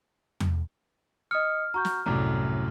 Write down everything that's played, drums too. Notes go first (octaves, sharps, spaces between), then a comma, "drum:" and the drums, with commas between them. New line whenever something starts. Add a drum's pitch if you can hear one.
drum: tom E2
D#5 D#6 F6 C#7
F#4 A#5 C#6 G6
drum: snare
C2 F#2 A2 A#5 D6